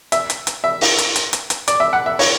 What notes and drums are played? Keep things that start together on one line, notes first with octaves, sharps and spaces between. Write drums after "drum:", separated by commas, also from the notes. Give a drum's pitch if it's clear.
E5, drum: hi-hat
drum: hi-hat
drum: hi-hat
E5
drum: open hi-hat
drum: hi-hat
drum: hi-hat
drum: hi-hat
drum: hi-hat
D5, drum: hi-hat
E5
F#5
E5
C#5, drum: open hi-hat